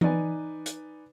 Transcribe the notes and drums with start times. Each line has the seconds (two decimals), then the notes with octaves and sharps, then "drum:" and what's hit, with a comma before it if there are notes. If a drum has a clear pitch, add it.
0.01 D#4 B4 D5 G#5, drum: tom E3
0.66 drum: hi-hat